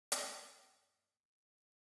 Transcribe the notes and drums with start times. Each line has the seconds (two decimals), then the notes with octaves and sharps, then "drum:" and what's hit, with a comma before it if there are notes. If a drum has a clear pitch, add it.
0.12 F#2 A#2, drum: hi-hat